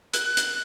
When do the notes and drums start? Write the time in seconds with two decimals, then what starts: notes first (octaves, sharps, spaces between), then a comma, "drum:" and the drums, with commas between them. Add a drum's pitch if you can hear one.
0.14 F#6, drum: hi-hat
0.37 drum: hi-hat